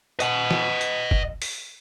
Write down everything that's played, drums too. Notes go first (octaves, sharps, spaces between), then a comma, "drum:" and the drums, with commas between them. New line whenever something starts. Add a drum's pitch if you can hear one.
D#5 F#5, drum: hi-hat
drum: snare
drum: hi-hat
drum: kick
drum: open hi-hat